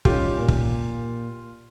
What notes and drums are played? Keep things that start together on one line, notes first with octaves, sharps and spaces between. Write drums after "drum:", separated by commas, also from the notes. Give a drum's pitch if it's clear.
G3 C#4 D#4 F4 G4, drum: kick
A#2 A#3
drum: kick